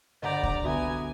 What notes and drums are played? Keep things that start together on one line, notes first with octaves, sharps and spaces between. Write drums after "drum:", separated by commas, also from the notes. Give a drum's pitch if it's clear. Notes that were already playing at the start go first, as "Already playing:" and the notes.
G1 D5 D#5 F#5 A#5 G6
drum: kick C#2
B3 F#4 E5 G#5